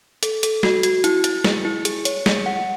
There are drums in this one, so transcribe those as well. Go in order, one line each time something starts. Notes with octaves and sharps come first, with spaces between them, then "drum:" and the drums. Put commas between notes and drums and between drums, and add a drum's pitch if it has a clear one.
A4, drum: hi-hat
A4, drum: hi-hat
F#4, drum: snare
F#4, drum: hi-hat
E4, drum: hi-hat
E4, drum: hi-hat
G#4, drum: snare
E4
G#4, drum: hi-hat
C#5, drum: hi-hat
G#4, drum: snare
F#5